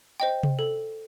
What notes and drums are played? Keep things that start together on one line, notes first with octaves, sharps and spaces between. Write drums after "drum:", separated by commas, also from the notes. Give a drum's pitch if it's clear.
C5 D#5 G5
drum: tom C3
A4